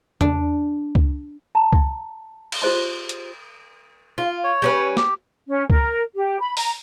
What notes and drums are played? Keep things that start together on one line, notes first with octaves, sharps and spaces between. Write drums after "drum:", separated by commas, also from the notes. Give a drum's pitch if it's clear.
D4, drum: tom E2
drum: kick C#2
A5 A#5
drum: kick C#2
drum: cymbal
F4 G4 G#4 C5 D#5 C6
drum: hi-hat
F4
C#5
G3 C#4 B4
G4, drum: snare
C#4
A#4, drum: kick C#2
G4
B5
A#5, drum: open hi-hat